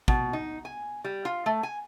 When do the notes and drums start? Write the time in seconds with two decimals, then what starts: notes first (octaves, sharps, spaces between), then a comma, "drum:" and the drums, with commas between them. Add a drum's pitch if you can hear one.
0.08 B2, drum: kick
0.33 D#4
0.65 G#5
1.04 G3
1.25 F4
1.46 A3
1.63 G#5